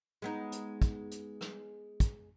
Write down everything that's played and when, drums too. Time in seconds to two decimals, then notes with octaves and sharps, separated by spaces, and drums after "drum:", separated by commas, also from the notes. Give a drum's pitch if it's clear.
0.22 G#3 B3 D#4
0.52 drum: hi-hat
0.82 drum: kick, hi-hat
1.11 drum: hi-hat
1.41 drum: rim click
2.00 drum: kick, hi-hat